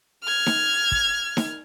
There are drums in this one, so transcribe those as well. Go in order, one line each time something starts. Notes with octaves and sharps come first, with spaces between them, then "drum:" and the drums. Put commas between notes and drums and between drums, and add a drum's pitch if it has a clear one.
F6 G#6
drum: snare D#4
drum: kick
drum: snare D#4